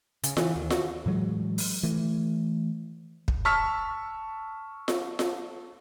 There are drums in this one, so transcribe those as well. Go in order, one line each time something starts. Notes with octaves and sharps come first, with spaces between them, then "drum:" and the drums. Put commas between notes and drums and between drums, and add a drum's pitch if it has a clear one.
C#3, drum: hi-hat
E3, drum: snare F4
D#2
F#4, drum: snare F4
A2 E3 F#3 G#3
drum: open hi-hat
E3 A3
drum: kick
A5 C#6 E6 F6 B6
drum: snare F4
drum: snare F4